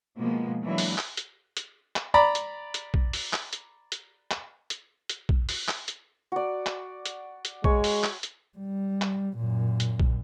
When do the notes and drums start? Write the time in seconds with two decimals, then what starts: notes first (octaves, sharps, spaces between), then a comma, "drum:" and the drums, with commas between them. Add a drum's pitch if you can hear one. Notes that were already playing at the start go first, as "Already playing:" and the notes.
0.18 B2 F3 G#3 A#3 B3
0.65 E3 F#3 G#3 A#3 D4 E4
0.78 drum: open hi-hat
0.98 drum: clap
1.17 drum: hi-hat
1.57 drum: hi-hat
1.96 drum: clap
2.14 D5 A#5 B5
2.35 drum: hi-hat
2.74 drum: hi-hat
2.94 drum: kick A#1
3.13 drum: open hi-hat
3.33 drum: clap
3.53 drum: hi-hat
3.92 drum: hi-hat
4.31 drum: clap
4.70 drum: hi-hat
5.09 drum: hi-hat
5.29 drum: kick A#1
5.49 drum: open hi-hat
5.68 drum: clap
5.88 drum: hi-hat
6.32 F#4 D5
6.66 drum: clap
7.05 drum: hi-hat
7.45 drum: hi-hat
7.64 G#3 C#5, drum: kick A#1
7.84 drum: open hi-hat
8.04 drum: clap
8.23 drum: hi-hat
8.58 G3
9.02 drum: clap
9.37 F#2 A#2
9.80 drum: hi-hat
10.00 drum: kick A#1